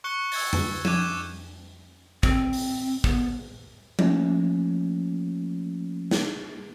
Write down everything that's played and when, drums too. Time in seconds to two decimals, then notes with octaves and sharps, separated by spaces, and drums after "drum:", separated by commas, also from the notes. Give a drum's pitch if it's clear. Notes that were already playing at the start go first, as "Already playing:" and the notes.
0.04 C#6 F#6 C#7 G7
0.32 E6 G#6 A6, drum: open hi-hat
0.53 drum: tom F2
0.85 D6 F#6 G#6 D#7 E7, drum: tom F3
0.99 G6
2.23 C4, drum: kick
2.53 drum: open hi-hat
3.04 B3, drum: kick
3.99 F3 A3 A#3 C#4, drum: tom F3
6.11 drum: snare